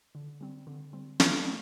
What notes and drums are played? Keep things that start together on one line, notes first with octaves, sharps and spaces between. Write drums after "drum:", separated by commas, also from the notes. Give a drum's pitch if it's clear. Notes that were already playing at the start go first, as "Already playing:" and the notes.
D3
G3 C4
D3
G3 C4
E3, drum: snare
A3